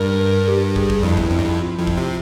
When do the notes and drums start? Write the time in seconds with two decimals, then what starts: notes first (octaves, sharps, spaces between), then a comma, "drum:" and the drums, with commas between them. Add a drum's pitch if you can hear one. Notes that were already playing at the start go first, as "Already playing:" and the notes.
Already playing: G2 A#4
0.48 G4
0.76 G#4, drum: kick
0.90 drum: kick
1.03 F2 E4
1.17 E2, drum: kick
1.31 F2
1.39 G2
1.45 F2
1.59 F4
1.78 F2 E4
1.87 drum: kick
1.97 C3 F4